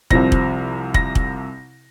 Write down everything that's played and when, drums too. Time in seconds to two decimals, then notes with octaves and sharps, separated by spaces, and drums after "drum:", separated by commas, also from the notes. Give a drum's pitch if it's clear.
0.10 C2 C3 F3 C4 A#6, drum: kick
0.32 drum: kick
0.94 A#6, drum: kick
1.15 drum: kick